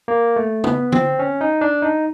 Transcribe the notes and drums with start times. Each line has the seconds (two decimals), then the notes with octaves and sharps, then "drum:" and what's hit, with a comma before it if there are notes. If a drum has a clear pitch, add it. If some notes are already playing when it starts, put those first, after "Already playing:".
0.08 A#3
0.36 A3
0.64 B3, drum: tom
0.92 C4, drum: tom D3
1.19 C#4
1.41 D#4
1.61 D4
1.82 D#4